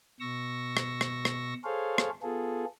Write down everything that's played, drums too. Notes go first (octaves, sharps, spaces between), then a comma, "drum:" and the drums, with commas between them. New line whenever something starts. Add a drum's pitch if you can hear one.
B2 C#6 E6 A#6
drum: rim click
drum: rim click
drum: rim click
G#4 A4 C5 C#5 F5
drum: rim click
B3 F4 G#4 A4